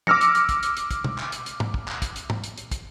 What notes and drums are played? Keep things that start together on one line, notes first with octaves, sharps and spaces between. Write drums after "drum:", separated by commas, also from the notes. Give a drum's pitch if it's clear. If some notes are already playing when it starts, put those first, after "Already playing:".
D6 E6 F6 A#6 C#7, drum: tom
drum: hi-hat
drum: hi-hat
drum: kick, hi-hat
drum: hi-hat
drum: hi-hat
drum: kick, hi-hat
drum: tom
drum: clap
drum: hi-hat
drum: hi-hat
drum: tom
drum: kick
drum: clap
drum: kick, hi-hat
drum: hi-hat
drum: tom
drum: hi-hat
drum: hi-hat
drum: kick, hi-hat